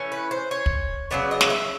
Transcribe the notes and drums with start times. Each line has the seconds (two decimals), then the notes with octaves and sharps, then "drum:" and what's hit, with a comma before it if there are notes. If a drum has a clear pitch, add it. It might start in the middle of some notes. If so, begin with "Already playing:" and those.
Already playing: E3 A3 C#4
0.12 B4
0.31 C5
0.51 C#5
0.66 drum: kick
1.11 C#3 F#3 B3 D5
1.31 D#5
1.41 drum: snare
1.50 E5